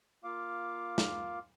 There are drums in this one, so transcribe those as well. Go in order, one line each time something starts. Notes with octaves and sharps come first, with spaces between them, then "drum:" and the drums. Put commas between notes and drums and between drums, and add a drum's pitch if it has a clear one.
A#3 F4 F5 D6
drum: snare